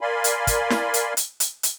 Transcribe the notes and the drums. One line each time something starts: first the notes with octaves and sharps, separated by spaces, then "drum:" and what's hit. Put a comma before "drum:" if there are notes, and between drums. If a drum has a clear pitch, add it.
A#4 D5 F5 G#5 B5 C6
drum: hi-hat
drum: kick, hi-hat
drum: snare
drum: hi-hat
drum: hi-hat
drum: hi-hat
drum: hi-hat